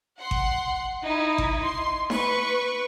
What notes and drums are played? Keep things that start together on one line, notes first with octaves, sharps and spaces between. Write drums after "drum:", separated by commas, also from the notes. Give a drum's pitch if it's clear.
F#5 C6
drum: kick G#1
D#4 E4
drum: kick G#1
C6
B4 C#6, drum: snare D#4